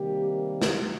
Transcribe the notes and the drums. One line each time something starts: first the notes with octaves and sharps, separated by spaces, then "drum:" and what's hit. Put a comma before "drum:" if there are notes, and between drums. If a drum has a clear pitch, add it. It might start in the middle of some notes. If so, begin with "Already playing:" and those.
Already playing: C3 D#3 G3 A#3 G4
drum: snare